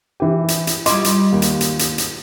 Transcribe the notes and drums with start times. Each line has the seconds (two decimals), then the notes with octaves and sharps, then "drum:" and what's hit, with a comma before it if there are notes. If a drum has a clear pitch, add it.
0.20 E3 G4
0.48 drum: hi-hat
0.67 drum: hi-hat
0.86 G3 E4 F4 D#5 C6 D6, drum: hi-hat
1.05 drum: hi-hat
1.32 D#2
1.42 drum: hi-hat
1.61 drum: hi-hat
1.79 drum: hi-hat
1.98 drum: hi-hat